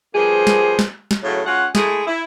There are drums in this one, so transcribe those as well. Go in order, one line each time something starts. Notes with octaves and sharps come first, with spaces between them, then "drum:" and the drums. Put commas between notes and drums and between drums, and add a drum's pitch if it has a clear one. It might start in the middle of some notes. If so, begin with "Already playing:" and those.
F3 G3 A#3 B3 G#4 C5
drum: snare
drum: snare
drum: snare
A2 C#3 F#3
G#3 C#4 F4 F#5
G#3 A3 E4 G#4, drum: snare
E4